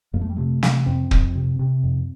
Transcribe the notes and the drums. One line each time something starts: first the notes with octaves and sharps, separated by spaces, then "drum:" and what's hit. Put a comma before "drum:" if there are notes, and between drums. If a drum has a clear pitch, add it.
F2 A#3
A3
G3
C3 A3
C3, drum: snare
F2 C4
F2, drum: kick
C3
C3
F2